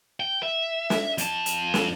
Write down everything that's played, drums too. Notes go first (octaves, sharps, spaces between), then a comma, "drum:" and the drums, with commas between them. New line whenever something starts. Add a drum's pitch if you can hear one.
G5
E5
drum: snare
F2 A5, drum: hi-hat
drum: hi-hat
drum: snare